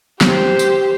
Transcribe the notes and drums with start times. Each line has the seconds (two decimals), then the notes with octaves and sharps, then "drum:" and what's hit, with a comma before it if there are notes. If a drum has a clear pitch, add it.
0.21 G4 C5, drum: snare
0.59 drum: tambourine